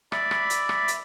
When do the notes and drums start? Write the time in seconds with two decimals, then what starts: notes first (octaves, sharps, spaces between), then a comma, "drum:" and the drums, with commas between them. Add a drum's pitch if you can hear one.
0.12 D5 E5 B5 D6, drum: rim click
0.31 drum: rim click
0.50 drum: hi-hat
0.69 drum: rim click
0.88 drum: hi-hat